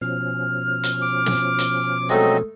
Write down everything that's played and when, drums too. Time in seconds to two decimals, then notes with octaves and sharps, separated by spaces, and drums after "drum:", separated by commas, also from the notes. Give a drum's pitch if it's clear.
0.01 B2 F3 C#4 F6
0.83 drum: hi-hat
1.02 D6
1.26 drum: snare
1.59 drum: hi-hat
2.09 F#3 G#3 A3 C4 D#4 D#5